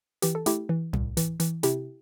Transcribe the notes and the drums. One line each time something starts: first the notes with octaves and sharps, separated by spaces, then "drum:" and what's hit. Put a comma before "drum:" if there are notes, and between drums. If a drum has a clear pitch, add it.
E3 G4, drum: hi-hat
A4
A3 E4 G4, drum: hi-hat
E3
C2, drum: tom A2
E3, drum: hi-hat
E3, drum: hi-hat
C3 E4 G4, drum: hi-hat